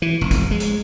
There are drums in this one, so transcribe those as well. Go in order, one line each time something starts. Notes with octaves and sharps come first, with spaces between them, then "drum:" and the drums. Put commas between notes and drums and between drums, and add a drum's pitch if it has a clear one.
E3
F1
drum: kick, hi-hat
G#3
drum: hi-hat